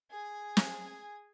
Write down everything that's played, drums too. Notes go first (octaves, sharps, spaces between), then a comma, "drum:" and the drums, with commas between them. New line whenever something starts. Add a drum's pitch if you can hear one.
G#4 G#5
drum: snare